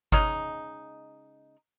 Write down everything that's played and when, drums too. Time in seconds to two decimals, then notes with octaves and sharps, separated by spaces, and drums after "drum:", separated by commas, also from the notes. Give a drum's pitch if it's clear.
0.12 C#3 G#3 D#4, drum: kick G1